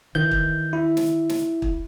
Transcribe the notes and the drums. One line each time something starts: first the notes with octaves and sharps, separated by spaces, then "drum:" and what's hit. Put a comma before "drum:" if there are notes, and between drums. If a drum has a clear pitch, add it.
D#3 E3 G6
drum: kick
E4
drum: snare
drum: snare
drum: kick